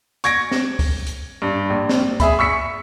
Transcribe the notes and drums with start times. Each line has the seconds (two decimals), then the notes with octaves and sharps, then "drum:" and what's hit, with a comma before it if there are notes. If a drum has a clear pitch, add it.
0.24 C#6 G#6 A#6 D7, drum: hi-hat
0.51 drum: snare
0.79 drum: kick, open hi-hat
1.07 drum: hi-hat
1.42 G2
1.70 A#1
1.89 drum: snare
2.20 G#4 E5 B5, drum: kick, hi-hat
2.39 C#6 E6 B6 C#7